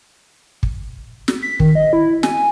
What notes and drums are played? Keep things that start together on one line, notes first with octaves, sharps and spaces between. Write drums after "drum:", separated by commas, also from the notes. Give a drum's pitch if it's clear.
drum: kick
drum: snare
B6
D#3, drum: kick
D#5
E4
G#5, drum: snare